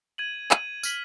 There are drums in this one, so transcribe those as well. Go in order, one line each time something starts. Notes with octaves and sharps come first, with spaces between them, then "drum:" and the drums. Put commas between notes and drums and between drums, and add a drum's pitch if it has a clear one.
G#6 D#7 F#7
G#6 D#7 F#7, drum: clap
F6 B6 F#7, drum: tambourine